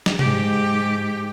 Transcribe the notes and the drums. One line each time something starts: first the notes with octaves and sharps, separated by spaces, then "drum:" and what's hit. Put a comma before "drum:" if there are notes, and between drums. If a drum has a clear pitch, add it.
drum: snare
G#2 G4, drum: tom C3